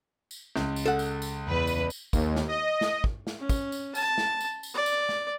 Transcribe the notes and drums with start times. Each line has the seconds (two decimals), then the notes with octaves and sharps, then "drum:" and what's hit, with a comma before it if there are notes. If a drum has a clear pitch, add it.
0.31 drum: tambourine
0.56 C#2, drum: snare
0.76 drum: tambourine
0.86 A4 F#5
0.99 drum: tambourine
1.22 drum: tambourine
1.48 E2 B4
1.67 drum: tambourine
1.90 drum: tambourine
2.13 D#2, drum: kick, tambourine
2.36 drum: snare
2.48 D#5
2.81 drum: snare
3.04 drum: kick
3.27 drum: snare
3.39 C#4
3.49 drum: kick, tambourine
3.72 drum: tambourine
3.95 A5, drum: tambourine
4.18 drum: snare
4.40 drum: tambourine
4.63 drum: tambourine
4.74 D5
4.86 drum: tambourine
5.09 drum: snare